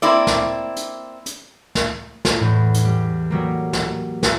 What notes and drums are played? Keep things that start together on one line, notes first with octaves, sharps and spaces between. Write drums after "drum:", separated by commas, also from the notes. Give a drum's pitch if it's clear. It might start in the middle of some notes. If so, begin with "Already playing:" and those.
A#3 C4 E4 D5
drum: snare
drum: hi-hat
drum: hi-hat
drum: snare
drum: snare
E2 A2
drum: hi-hat
G3
F#3 G3 A#3
drum: snare
drum: snare